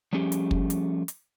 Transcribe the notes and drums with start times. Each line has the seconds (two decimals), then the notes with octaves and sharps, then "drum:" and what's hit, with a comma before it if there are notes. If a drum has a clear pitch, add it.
0.13 F3 G3 A3 C#4 G4 G#4
0.32 drum: hi-hat
0.51 drum: kick
0.70 drum: hi-hat
1.08 drum: hi-hat